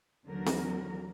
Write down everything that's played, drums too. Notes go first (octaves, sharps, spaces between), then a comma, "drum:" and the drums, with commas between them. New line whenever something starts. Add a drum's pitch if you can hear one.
D#2 D3 E3 F#3 F#4 A#4
drum: snare C4